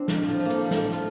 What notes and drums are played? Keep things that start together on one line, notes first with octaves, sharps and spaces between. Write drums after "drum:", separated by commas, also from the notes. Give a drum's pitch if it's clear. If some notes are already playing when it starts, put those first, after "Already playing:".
Already playing: C4 D4
F3, drum: snare
A2 F3
F3
A#3
A3, drum: cymbal
F3
G3
A2 A3, drum: snare
F3 F4